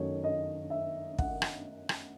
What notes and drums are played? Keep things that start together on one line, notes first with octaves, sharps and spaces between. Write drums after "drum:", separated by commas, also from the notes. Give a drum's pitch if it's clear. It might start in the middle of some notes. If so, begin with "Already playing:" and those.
Already playing: F#2 D#3 A3 D#4 C#5
D#5
E5
F#5, drum: kick
drum: rim click
drum: rim click